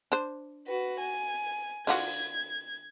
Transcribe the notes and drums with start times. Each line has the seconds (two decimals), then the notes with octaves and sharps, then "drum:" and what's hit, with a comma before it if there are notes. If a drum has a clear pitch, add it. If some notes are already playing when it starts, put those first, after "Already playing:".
0.12 D4 C5
0.67 F#4 B4
1.01 G#5
1.87 D3 F4 F#4 G#6, drum: open hi-hat